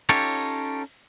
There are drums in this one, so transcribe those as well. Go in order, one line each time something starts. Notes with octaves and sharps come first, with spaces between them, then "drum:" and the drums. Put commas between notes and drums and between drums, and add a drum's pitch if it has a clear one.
C#4 D#4 F4 G4 A4 C#5, drum: cymbal